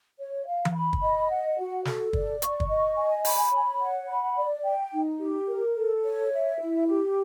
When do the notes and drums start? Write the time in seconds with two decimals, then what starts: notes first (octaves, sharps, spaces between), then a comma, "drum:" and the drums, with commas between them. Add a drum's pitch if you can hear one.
0.19 C#5
0.47 F5
0.65 drum: tom E3
0.75 B5
0.93 drum: kick
1.02 D#5
1.30 F#5
1.59 F#4
1.85 A4, drum: snare
2.13 D5, drum: kick
2.42 C#6, drum: hi-hat
2.60 drum: kick
2.69 D#5
2.97 G#5
3.25 B5, drum: open hi-hat
3.52 C#5
3.81 F#5
4.09 B5
4.36 D5
4.64 G5
4.93 D#4
5.20 G4
5.48 A#4
5.76 A4
6.04 C#5
6.32 E5
6.59 E4
6.87 G4